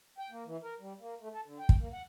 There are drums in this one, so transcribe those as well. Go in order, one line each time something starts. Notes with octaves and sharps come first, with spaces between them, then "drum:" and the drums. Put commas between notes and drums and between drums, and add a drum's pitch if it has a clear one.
G5
A#3
E3
A#4
G3
A#3
A3
A4
D3
G5
drum: kick
A#3
F#5